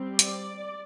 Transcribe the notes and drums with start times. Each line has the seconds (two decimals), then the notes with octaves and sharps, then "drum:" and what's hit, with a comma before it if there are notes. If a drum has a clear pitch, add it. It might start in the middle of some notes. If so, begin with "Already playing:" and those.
Already playing: G3 C4
0.19 D5, drum: hi-hat